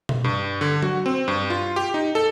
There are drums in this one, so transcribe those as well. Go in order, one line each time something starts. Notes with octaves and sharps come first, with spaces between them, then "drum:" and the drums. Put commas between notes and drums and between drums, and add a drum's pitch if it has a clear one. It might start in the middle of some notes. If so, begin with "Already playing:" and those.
drum: tom B2
G2
D3
F#4, drum: tom F#3
C4
G2
F4
G4
D#4
A4